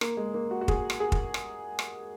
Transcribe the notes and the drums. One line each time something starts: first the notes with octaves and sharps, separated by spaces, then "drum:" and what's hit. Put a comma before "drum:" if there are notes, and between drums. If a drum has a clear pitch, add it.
A#3, drum: rim click
G#3
A#3
F#4
F#4
G#4, drum: kick
drum: rim click
G#4
drum: kick
drum: rim click
drum: rim click